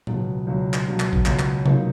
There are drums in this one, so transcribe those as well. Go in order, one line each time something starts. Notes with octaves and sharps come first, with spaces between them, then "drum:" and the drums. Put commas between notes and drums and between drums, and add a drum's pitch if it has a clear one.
C#2 B2 F#3, drum: tom A2
C#2 B2 F#3
drum: clap
C#2 B2 F#3
drum: clap
drum: kick A#1
C#2 B2 F#3, drum: clap
drum: clap
C#3 F#3 A#3 D#4, drum: tom C3